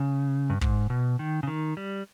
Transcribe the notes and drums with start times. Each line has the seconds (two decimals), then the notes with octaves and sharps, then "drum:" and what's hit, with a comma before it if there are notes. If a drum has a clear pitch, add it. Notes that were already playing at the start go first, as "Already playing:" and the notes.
Already playing: C#3
0.50 G2
0.61 G#2, drum: kick
0.90 B2
1.19 D#3
1.43 C#3
1.47 D#3
1.77 G3